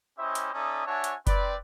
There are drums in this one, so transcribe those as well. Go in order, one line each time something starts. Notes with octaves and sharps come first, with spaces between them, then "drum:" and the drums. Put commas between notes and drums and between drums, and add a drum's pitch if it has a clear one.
C#4 E4 G4 C5 D#5 E5
drum: hi-hat
C#4 D#4 A4 D5 E5 D#6
D4 F#4 C#5 E5 G#5 A5
drum: hi-hat
C4 B4 D5, drum: kick F#1, hi-hat